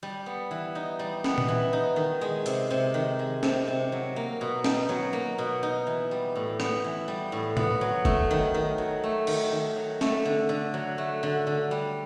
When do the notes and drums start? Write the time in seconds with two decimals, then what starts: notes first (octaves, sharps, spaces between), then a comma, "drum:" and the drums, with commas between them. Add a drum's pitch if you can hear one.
0.03 G3
0.26 B3
0.51 E3
0.75 D#4
0.99 G3
1.24 B3, drum: snare
1.38 drum: tom A#2
1.48 E3
1.73 D#4
1.96 D#3
2.21 G#3
2.46 C3, drum: hi-hat
2.70 C3
2.94 D#3
3.19 G#3
3.43 C3, drum: snare
3.68 C3
3.92 F#3
4.16 A#3
4.41 B2
4.64 D#4, drum: snare
4.89 F#3
5.13 A#3
5.38 B2
5.63 D#4
5.87 E3
6.11 G3
6.36 A2
6.60 B3, drum: rim click
6.84 E3
7.08 G3
7.32 A2
7.57 B3, drum: tom A2
7.81 F#3
8.05 A3, drum: kick F1
8.31 D#3
8.54 D#3
8.78 F#3
9.04 A3
9.27 D#3, drum: cymbal
9.52 D#3
9.76 F#3
10.01 A3, drum: snare
10.25 D3
10.49 D3
10.74 F#3
10.98 A3
11.23 D3
11.47 D3
11.71 G3